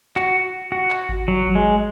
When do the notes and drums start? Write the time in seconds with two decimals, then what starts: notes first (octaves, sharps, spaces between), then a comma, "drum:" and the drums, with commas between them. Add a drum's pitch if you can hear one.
0.16 F#4, drum: clap
0.72 F#4
0.91 drum: clap
1.09 drum: kick G#1
1.28 F#3
1.46 drum: kick G#1
1.55 G#3